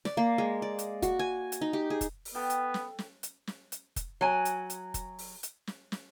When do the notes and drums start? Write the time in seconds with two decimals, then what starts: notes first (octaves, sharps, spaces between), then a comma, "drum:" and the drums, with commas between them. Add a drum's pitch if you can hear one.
0.05 D5, drum: snare
0.17 A#3
0.38 G#3
0.62 D5
0.79 drum: hi-hat
1.02 F#4, drum: kick F1, hi-hat
1.19 G#5
1.52 drum: hi-hat
1.61 D#4
1.73 G4
1.90 G#4
2.01 drum: kick F1, hi-hat
2.25 drum: open hi-hat
2.35 B3 A4 F5 G5
2.50 drum: hi-hat
2.74 drum: snare
2.99 drum: snare
3.23 drum: hi-hat
3.47 drum: snare
3.72 drum: hi-hat
3.96 drum: kick F1, hi-hat
4.21 F#3 G#5
4.45 drum: hi-hat
4.70 drum: hi-hat
4.94 drum: kick F1, hi-hat
5.19 drum: open hi-hat
5.43 drum: hi-hat
5.67 drum: snare
5.92 drum: snare